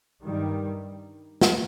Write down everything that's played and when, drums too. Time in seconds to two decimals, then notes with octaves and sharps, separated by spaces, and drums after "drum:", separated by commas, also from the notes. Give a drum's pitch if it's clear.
0.23 G2 D#3 G3
1.41 drum: snare